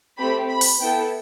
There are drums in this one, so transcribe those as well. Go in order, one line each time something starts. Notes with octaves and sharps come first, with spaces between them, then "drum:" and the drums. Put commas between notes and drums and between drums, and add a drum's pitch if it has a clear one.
A3 C4 G4 B5
B5
drum: open hi-hat
B3 E4 A4 G5